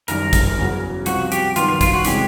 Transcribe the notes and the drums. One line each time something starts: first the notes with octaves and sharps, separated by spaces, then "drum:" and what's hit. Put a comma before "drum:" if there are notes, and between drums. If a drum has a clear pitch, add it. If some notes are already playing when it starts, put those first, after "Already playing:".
F#1 F#2 D#3 G3 A#4, drum: hi-hat
drum: kick, hi-hat
E2 C#3 F#3
C2 C3 F3 F#4, drum: hi-hat
G4, drum: hi-hat
G2 D#3 F#3 B3 F4, drum: hi-hat
F4
F4, drum: kick, hi-hat
F#4
C3 E3 G#3 C#4 G4, drum: hi-hat